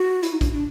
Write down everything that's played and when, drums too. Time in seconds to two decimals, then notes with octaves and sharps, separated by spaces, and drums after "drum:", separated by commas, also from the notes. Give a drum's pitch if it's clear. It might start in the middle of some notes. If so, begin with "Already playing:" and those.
Already playing: F#4
0.23 E4, drum: hi-hat
0.32 D#4
0.41 D4, drum: kick, hi-hat
0.52 D4